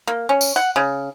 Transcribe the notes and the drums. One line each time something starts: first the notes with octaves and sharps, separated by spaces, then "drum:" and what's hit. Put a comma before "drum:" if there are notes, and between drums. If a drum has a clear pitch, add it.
A#3
C#4
drum: tambourine
F#5
C#3